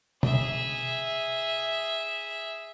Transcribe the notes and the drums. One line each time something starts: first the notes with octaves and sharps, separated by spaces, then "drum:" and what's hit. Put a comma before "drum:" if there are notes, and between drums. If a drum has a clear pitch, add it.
G#4 E5, drum: tom B2